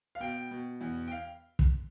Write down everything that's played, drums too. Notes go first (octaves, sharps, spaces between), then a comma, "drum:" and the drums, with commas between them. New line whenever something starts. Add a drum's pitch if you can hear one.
F5
B2 G5
B2
E2
G5
F5
drum: kick